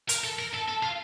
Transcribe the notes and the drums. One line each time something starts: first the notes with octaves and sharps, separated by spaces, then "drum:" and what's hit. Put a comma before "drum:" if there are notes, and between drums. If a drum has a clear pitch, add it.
A#4, drum: hi-hat
A4
A#4
A4
A4
F4